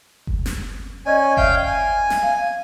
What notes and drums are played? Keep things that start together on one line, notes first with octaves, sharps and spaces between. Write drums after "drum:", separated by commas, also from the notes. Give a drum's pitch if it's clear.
drum: kick F#1
drum: snare
C#4 D5 D#5 G#5 G#6
E5 F5 G5 G6, drum: kick F#1
G#5
drum: snare
F5